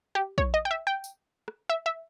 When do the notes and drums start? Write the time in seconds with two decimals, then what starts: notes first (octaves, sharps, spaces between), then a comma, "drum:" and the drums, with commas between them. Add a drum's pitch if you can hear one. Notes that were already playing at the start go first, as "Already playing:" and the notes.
0.15 G4
0.38 C#5, drum: kick
0.54 D#5
0.65 G5
0.71 E5
0.87 G5
1.04 drum: tambourine
1.48 drum: rim click
1.69 E5
1.86 E5